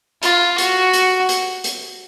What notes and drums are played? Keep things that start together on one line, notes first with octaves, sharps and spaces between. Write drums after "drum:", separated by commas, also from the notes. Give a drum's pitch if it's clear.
F4, drum: hi-hat
F#4, drum: hi-hat
drum: hi-hat
drum: hi-hat
drum: hi-hat